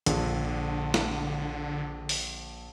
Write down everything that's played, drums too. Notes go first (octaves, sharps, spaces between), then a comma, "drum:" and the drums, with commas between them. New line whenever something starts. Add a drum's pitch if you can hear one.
A#1 D3, drum: hi-hat
drum: snare
drum: open hi-hat